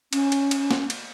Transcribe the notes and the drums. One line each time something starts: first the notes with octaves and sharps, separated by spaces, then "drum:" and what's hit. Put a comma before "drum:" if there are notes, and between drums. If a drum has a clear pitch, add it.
C#4, drum: cymbal
drum: cymbal
drum: cymbal
drum: snare
drum: cymbal